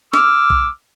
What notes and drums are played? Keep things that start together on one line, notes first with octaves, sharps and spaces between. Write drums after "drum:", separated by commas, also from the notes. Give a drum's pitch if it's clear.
D6 E6 F6, drum: snare
drum: kick B1